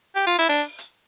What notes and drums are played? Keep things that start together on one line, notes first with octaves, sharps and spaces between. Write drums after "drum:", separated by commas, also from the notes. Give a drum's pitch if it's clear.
G4
F4
E4
D4, drum: open hi-hat
drum: hi-hat